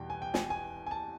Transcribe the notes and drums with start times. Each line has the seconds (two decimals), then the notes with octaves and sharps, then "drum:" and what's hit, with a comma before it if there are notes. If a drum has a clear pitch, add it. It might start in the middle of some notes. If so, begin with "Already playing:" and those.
Already playing: E2 B2 G3 G5
0.10 G#5
0.22 G5
0.34 G#5, drum: snare
0.50 G#5
0.87 G#5
0.91 A5